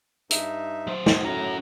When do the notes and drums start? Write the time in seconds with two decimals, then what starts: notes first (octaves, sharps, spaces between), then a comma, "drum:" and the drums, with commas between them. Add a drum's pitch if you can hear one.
0.31 G2 D#4 E5, drum: hi-hat
0.87 F#3 C5
1.06 B2, drum: snare
1.25 A2 C#4 F#4 A#5